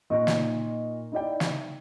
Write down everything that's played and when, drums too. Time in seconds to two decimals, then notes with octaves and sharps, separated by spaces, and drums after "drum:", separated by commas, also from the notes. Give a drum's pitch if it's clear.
0.10 A#2 D#4 D#5 C#6
0.27 drum: snare
1.12 D#4 E4 D5 G5
1.40 drum: snare